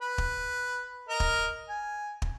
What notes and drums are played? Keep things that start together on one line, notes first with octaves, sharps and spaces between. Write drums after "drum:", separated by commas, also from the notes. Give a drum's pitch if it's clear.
B4
drum: kick
A#4 D#5
drum: kick
G#5
drum: kick